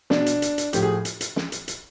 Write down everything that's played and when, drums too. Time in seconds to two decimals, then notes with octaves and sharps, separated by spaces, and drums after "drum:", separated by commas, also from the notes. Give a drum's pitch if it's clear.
0.10 B2 D4, drum: snare
0.26 drum: hi-hat
0.42 drum: hi-hat
0.58 drum: hi-hat
0.73 A2 F3 G4, drum: hi-hat
0.82 G#4
1.05 drum: hi-hat
1.21 drum: hi-hat
1.36 drum: snare
1.52 drum: hi-hat
1.68 drum: hi-hat